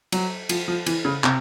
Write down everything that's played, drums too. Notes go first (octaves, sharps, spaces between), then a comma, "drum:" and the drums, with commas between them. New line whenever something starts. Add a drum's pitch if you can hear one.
F#3, drum: cymbal
F3, drum: cymbal
F3
E3, drum: cymbal
C#3
C3, drum: clap